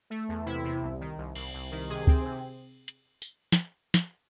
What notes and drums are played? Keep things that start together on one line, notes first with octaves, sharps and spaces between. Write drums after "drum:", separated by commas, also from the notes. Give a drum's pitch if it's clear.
A3
E2
C3 E4
C3
C2
D#3
C2
C2, drum: cymbal
C2
D#3
C3 G#4
C4, drum: kick C#2
C3
drum: hi-hat
drum: tambourine
drum: snare
drum: snare